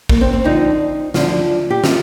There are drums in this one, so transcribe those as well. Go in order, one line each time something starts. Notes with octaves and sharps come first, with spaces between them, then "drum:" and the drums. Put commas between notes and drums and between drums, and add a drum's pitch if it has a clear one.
A#3, drum: kick
C4
C4
F2 D3 F3 D#4
D2 D3 F3 F4, drum: snare
G4
D#3 F4, drum: snare